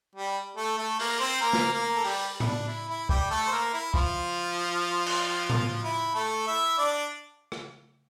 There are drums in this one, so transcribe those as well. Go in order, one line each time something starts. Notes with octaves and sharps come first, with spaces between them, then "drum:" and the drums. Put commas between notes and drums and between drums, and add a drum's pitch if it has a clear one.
G3 G4
A3 A4
A3 A4
A#3 A#4, drum: open hi-hat
C4 C5
A#3 A#4
drum: snare
A#3 A#4
A4
G3 G4, drum: open hi-hat
E4, drum: tom A2
D4
E4
E4
G3 G4, drum: kick
A3 A4
C5
A#3 A#4
E4
F3 F4, drum: kick
drum: cymbal
drum: tom A2
E4
A3 A4
E4 E5
D4 D5
drum: rim click